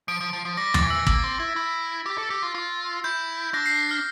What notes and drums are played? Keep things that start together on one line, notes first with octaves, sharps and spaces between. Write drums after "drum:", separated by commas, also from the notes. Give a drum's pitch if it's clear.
F3 D7
F3
F3
F3
G3 A#6
A6, drum: tom D#2
E3
E6
A#3 E6, drum: kick
C4
E4
E4
G4
A4
G4
F4
F4
E4 G6
D4 A#6
C7
F6